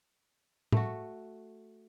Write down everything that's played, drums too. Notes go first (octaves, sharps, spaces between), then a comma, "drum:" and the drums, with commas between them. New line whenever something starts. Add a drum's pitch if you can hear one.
A3 F#4, drum: tom A2